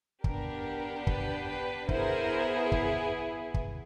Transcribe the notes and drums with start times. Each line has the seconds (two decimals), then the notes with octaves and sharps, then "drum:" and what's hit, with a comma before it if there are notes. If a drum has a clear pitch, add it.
0.24 B3 D4 G4 A#4, drum: kick
1.07 B4, drum: kick
1.48 B4
1.89 B3 E4 G#4 A#4 C5, drum: kick
2.72 drum: kick
3.54 drum: kick